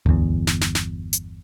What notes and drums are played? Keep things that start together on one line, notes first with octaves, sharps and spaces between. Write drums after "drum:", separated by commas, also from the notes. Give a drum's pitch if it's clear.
G1 E2, drum: tom D2
drum: snare
drum: snare
drum: snare
drum: hi-hat